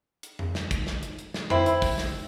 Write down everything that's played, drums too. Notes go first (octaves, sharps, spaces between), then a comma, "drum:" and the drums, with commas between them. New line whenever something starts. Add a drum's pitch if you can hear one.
drum: hi-hat
drum: tom F2
drum: snare
drum: kick, hi-hat
drum: snare
drum: hi-hat
drum: hi-hat
drum: snare
C4 E4, drum: tom F2
drum: hi-hat
drum: kick, open hi-hat
drum: snare